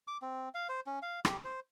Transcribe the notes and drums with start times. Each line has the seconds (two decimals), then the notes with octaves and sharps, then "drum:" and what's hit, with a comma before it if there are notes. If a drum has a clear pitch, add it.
0.07 D6
0.22 C4
0.55 F5
0.69 C5
0.86 C#4
1.02 F5
1.25 G4, drum: rim click
1.44 C5